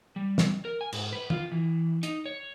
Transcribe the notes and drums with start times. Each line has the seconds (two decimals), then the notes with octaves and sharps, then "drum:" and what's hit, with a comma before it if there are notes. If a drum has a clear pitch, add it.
0.16 G3
0.38 drum: snare
0.65 A#4
0.81 G#5
0.93 G#2, drum: cymbal
1.13 B4
1.30 F4, drum: tom
1.52 E3
2.03 D#4, drum: hi-hat
2.26 C#5